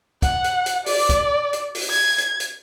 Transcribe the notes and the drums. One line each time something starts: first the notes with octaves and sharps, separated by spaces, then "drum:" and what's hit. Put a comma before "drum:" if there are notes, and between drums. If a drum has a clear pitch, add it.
F#5, drum: kick, hi-hat
drum: hi-hat
drum: hi-hat
D5, drum: open hi-hat
drum: kick, hi-hat
drum: hi-hat
drum: open hi-hat
G#6
drum: hi-hat
drum: hi-hat